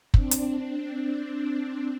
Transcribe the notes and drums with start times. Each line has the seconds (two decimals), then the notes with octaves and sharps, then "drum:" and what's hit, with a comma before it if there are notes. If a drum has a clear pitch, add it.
0.14 C4 D4, drum: kick
0.31 drum: hi-hat